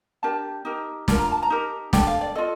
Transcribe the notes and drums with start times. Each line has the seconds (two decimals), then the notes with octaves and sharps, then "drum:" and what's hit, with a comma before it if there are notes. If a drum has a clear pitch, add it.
0.23 D4 G4 A#4 A5
0.65 D#4 G4 A#4
1.08 D4 F4 A#4, drum: snare
1.20 A#5
1.32 A5
1.43 A#5
1.50 D#4 G4 A#4
1.93 D4 A4 G5, drum: snare
2.07 F5
2.21 D5
2.35 F4 A4 D#5